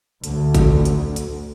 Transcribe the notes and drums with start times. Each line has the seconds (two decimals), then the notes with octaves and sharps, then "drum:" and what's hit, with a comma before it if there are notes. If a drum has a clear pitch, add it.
0.24 D2, drum: hi-hat
0.55 drum: kick G#1, hi-hat
0.85 drum: hi-hat
1.16 drum: hi-hat